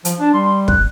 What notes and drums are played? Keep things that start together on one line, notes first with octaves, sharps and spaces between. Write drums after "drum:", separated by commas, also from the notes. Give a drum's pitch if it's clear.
F3, drum: hi-hat
D4 A5
G3 C6
F#6, drum: kick